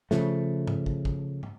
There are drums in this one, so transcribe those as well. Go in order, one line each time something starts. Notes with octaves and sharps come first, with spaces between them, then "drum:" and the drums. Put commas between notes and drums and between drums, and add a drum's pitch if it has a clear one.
C#3 F3 A3, drum: snare
drum: tom G#2
drum: kick
drum: kick
drum: tom